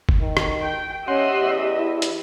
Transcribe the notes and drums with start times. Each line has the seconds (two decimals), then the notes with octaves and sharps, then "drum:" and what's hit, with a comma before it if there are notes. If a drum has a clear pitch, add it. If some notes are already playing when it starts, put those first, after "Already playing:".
0.09 drum: kick F#1
0.21 D#3
0.37 drum: rim click
0.61 G5
1.08 C#4 G4 D#5 E5 F#5 C6
1.40 E2
1.79 E4
2.02 drum: hi-hat